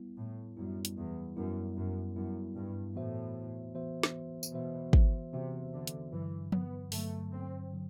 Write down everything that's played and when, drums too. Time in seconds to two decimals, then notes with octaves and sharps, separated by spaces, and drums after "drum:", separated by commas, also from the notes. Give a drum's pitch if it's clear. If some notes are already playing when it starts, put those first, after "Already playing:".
Already playing: G3 B3 E4
0.18 A2
0.57 F#2 G3 B3 E4
0.85 drum: hi-hat
0.97 E2
1.37 F#2 G3 B3 E4
1.77 F#2
2.16 F#2 G3 B3 E4
2.56 G2
2.95 A2 E3 B3 F#4 C5 E5
3.75 E3 B3 F#4 C5 E5
4.03 drum: snare
4.43 drum: tambourine
4.54 B2 E3 B3 F#4 C5 E5
4.93 drum: kick
5.33 C3 E3 B3 F#4 C5 E5
5.73 D3
5.87 drum: hi-hat
6.12 G2 D3 E3 F#3
6.52 B3, drum: tom F3
6.92 G2 D3 F#3 A3, drum: open hi-hat
7.32 C4
7.73 D3 F#3